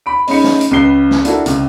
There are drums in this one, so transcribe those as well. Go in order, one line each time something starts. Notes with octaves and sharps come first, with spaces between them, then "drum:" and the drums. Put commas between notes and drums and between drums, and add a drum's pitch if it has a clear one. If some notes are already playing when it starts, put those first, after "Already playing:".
B5 D7
G#3 C#4 D#4 B5 C#7, drum: open hi-hat
drum: snare
drum: hi-hat
C#2 C#3 B4 C7 G7
drum: snare
D4 E4 F#4 A4 A#4, drum: hi-hat
C#2 C3 C4, drum: hi-hat